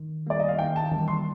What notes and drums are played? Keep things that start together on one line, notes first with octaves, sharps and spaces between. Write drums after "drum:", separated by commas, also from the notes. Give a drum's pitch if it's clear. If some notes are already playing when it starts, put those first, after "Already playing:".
Already playing: D#3
G3 A#3 D5
D#5
F5
D#3 G5
A5
G3 A#3, drum: tom E3
C6